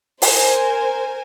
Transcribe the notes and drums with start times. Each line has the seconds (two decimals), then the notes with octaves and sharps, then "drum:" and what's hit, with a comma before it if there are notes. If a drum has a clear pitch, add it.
0.22 A#4 C5 G#5, drum: open hi-hat